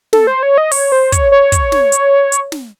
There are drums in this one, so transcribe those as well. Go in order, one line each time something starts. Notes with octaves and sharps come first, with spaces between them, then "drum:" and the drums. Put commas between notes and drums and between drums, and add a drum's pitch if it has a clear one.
A4, drum: snare
C5
C#5
D#5
C#5, drum: open hi-hat
C5
C#5, drum: kick, hi-hat
C#5
drum: kick, hi-hat
drum: snare
drum: hi-hat
drum: hi-hat
drum: snare